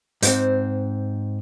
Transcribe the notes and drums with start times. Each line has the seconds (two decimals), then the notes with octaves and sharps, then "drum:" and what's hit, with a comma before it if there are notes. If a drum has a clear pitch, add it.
0.22 G#2 C4, drum: hi-hat